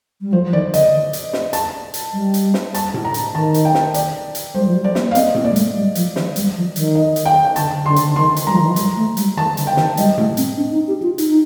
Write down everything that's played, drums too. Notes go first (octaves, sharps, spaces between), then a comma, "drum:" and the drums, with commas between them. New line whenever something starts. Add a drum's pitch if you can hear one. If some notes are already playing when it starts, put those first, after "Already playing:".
G3
F3 C5
F3
D#3 D5
D3 D#5, drum: hi-hat
drum: hi-hat
drum: snare
A5, drum: hi-hat
drum: hi-hat
G3
drum: hi-hat
drum: snare
A5, drum: hi-hat
drum: tom A2
A#5
drum: hi-hat
D#3 A5
drum: hi-hat
G5
drum: snare
D5, drum: hi-hat
drum: hi-hat
G3 C5
F3
G3
D5
A#3, drum: snare
F5
C4 D#5, drum: hi-hat
A#3, drum: tom A2
D5
G3
A3, drum: hi-hat
G3
F3, drum: hi-hat
D#3, drum: snare
G3, drum: hi-hat
F3
D#3, drum: hi-hat
D#5
drum: hi-hat
G5
G5
D3 A5, drum: hi-hat
D3 C6
drum: hi-hat
D3
D#3 C6
drum: hi-hat
G3 A#5
F3
D#3
F3
G3, drum: hi-hat
A3
G3, drum: hi-hat
D#3 A5
D3, drum: hi-hat
G5
D#3, drum: snare
G3 D#5, drum: hi-hat
A3, drum: tom A2
C4, drum: hi-hat
D4
D#4
G4
F4
D#4, drum: hi-hat
D#4